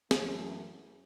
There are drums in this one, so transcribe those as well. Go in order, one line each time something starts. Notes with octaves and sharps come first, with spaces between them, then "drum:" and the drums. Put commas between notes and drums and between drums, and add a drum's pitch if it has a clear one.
F#2 E3 A3, drum: snare